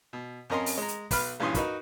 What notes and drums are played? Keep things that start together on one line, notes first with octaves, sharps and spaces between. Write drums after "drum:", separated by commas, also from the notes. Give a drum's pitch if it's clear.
B2
F2 C#4 A#4 D#5 G#5 C6
drum: open hi-hat
G#3 A#5
drum: hi-hat
B1 B4 B5 F6, drum: kick, open hi-hat
A#1 G2 E3 C#4 C6 D#6
D#4 F#4 A#4 B4, drum: kick, hi-hat